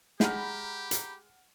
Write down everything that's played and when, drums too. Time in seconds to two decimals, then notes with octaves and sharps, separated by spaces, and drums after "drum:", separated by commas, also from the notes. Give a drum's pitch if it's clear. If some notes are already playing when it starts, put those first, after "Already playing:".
0.20 G#3 G4 F#5 A#5 B5 F6 G6, drum: snare
0.91 drum: hi-hat